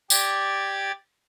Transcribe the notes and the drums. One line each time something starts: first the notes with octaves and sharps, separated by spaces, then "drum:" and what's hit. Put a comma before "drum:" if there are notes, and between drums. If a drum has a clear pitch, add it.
G4 D5 G#6 A6, drum: tambourine